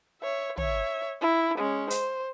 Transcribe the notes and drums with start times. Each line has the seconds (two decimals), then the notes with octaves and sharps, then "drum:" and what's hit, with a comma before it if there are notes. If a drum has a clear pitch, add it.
0.22 C#5 E5
0.58 C#5 E5, drum: tom
1.21 E4
1.58 G#3 C#4
1.90 C5, drum: hi-hat